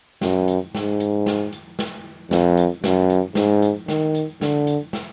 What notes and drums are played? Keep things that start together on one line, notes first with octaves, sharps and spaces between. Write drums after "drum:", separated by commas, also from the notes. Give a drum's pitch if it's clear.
F#2, drum: snare
drum: hi-hat
G#2, drum: snare
drum: hi-hat
drum: snare
drum: hi-hat
drum: snare
F2, drum: snare
drum: hi-hat
F#2, drum: snare
drum: hi-hat
G#2, drum: snare
drum: hi-hat
D#3, drum: snare
drum: hi-hat
D3, drum: snare
drum: hi-hat
drum: snare